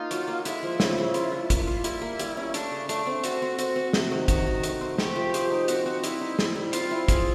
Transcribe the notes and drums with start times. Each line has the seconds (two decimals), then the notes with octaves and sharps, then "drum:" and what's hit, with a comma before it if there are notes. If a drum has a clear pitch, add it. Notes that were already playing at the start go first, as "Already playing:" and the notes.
Already playing: A#3 D#4 F4
0.11 F#3, drum: hi-hat
0.28 A#3
0.45 G#3 E4, drum: hi-hat
0.63 F3
0.80 C#3, drum: snare
0.98 C#3
1.14 F4, drum: hi-hat
1.32 D4
1.50 A#3, drum: kick, hi-hat
1.67 F4
1.84 G3 E4, drum: hi-hat
2.02 A#3
2.19 G3, drum: hi-hat
2.37 C#4
2.54 A3 D4, drum: hi-hat
2.71 C#3
2.89 A3 D4, drum: hi-hat
3.06 C4
3.24 F#4 A4, drum: hi-hat
3.42 C4
3.59 C4 F#4, drum: hi-hat
3.76 C4
3.93 C3, drum: snare
4.11 D#3
4.28 D#3 F#4, drum: kick, hi-hat
4.47 D#3
4.64 A3, drum: hi-hat
4.81 C4
4.98 A3 G4, drum: snare
5.16 F3
5.34 G#4, drum: hi-hat
5.51 D#4
5.68 C4 F#4, drum: hi-hat
5.86 C4 F#4
6.04 G3 E4, drum: hi-hat
6.21 D#4
6.39 G3, drum: snare
6.55 G3
6.73 C4 F4, drum: hi-hat
6.91 E4
7.08 G#4, drum: kick, hi-hat